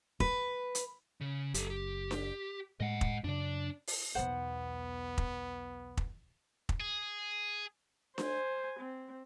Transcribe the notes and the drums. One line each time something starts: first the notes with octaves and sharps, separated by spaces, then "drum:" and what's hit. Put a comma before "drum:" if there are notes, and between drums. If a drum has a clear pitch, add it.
B4, drum: kick
drum: hi-hat
C#3
F#1 G4 A4, drum: hi-hat
G4
drum: snare D4
A2 G#3 D#5 F#5
drum: kick
F#2 C#3 D4 D5
drum: open hi-hat
B1 E2 B3 C5 F#5
drum: kick
drum: kick
drum: kick
G#4
C5 G#5, drum: snare D4
C4